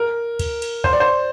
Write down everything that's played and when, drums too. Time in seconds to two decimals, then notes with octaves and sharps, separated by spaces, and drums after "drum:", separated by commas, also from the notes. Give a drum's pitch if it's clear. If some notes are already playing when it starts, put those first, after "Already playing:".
Already playing: A#4
0.39 drum: kick, cymbal
0.62 drum: cymbal
0.84 C5, drum: kick
0.93 D5
1.00 C5